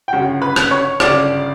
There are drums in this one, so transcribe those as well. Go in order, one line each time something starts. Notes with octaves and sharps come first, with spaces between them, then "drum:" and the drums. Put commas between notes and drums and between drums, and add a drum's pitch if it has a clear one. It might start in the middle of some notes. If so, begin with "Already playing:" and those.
G5
G1 F#2 C#3 F#4 F#5
B4 B5
drum: rim click
C#5 C#6
G1 F#2 C#3 D5 D6, drum: rim click